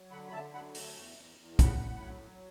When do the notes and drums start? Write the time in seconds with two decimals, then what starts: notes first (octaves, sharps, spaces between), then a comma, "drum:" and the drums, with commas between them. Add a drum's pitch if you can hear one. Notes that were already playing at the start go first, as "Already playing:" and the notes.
Already playing: F#3
0.11 D3 F#5 B5
0.28 B5
0.32 D3 E5 A5
0.53 F#3 F#5 B5
0.75 A3, drum: open hi-hat
0.96 E2
1.17 E2
1.37 E2
1.59 A2 F#5 B5, drum: kick, hi-hat
1.80 A2
2.01 F#3
2.22 F#3